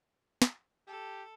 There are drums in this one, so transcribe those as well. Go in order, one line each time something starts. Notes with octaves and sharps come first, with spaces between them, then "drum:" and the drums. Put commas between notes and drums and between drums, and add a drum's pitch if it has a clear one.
drum: snare
G4 A4